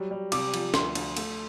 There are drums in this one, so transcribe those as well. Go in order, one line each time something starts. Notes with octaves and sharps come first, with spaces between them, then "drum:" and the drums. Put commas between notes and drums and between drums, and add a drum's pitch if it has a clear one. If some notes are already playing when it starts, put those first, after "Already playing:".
Already playing: F#3 G3
G3
C3 D6, drum: cymbal
F3, drum: cymbal
D2 C6, drum: snare
D2, drum: cymbal
A3, drum: cymbal